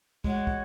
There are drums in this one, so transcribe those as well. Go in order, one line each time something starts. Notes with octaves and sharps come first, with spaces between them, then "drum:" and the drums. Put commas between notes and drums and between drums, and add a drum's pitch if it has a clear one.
G#3 F#4 C#5 F#5, drum: kick
drum: kick